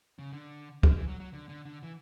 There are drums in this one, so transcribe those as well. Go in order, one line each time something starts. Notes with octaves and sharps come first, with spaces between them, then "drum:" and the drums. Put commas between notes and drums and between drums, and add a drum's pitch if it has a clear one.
C#3
D3
D3, drum: kick
E3
F#3
F#3
D3
D3
D3
E3